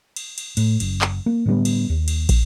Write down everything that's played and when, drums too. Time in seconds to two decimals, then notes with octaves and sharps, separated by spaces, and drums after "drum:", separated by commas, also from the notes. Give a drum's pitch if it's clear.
0.16 drum: cymbal
0.38 drum: cymbal
0.57 A2, drum: cymbal
0.80 F#1, drum: cymbal
1.01 drum: clap
1.26 A#3
1.46 A2 D3 G3 B3
1.65 drum: cymbal
1.90 D#2
2.08 drum: cymbal
2.29 drum: kick, cymbal